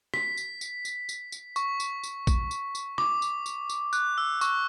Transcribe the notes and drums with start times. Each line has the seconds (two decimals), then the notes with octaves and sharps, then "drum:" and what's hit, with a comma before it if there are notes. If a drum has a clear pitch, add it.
0.14 B6, drum: rim click
0.38 drum: tambourine
0.61 drum: tambourine
0.85 drum: tambourine
1.09 drum: tambourine
1.32 drum: tambourine
1.56 C#6, drum: tambourine
1.80 drum: tambourine
2.04 drum: tambourine
2.27 drum: kick A#1, tambourine
2.51 drum: tambourine
2.75 drum: tambourine
2.98 D6, drum: rim click
3.22 drum: tambourine
3.46 drum: tambourine
3.70 drum: tambourine
3.93 F#6, drum: tambourine
4.18 E6
4.41 C#6, drum: tambourine